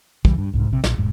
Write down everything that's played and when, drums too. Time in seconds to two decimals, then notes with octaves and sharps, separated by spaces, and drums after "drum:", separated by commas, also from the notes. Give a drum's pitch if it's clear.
0.25 C#2 E3 G3, drum: kick
0.38 G2
0.53 C2 G#2
0.70 A#1 C3
0.84 A#1, drum: snare
0.98 E1 G#2